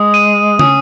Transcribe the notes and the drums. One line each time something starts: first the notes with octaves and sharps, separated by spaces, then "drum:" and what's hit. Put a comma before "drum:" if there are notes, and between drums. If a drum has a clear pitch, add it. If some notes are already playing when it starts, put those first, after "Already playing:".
Already playing: G#3 D#6
D#7
C#4 D#6, drum: tom